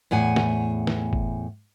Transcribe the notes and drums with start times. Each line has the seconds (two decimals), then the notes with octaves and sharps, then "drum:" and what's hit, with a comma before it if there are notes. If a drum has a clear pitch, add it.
0.11 E2 A2 F#5 G#5
0.36 drum: snare
0.87 drum: snare
1.13 drum: kick F#1